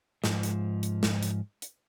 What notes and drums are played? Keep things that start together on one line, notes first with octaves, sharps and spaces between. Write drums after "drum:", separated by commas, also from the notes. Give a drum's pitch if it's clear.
G#2 F3, drum: snare
drum: hi-hat
drum: hi-hat
drum: snare
drum: hi-hat
drum: hi-hat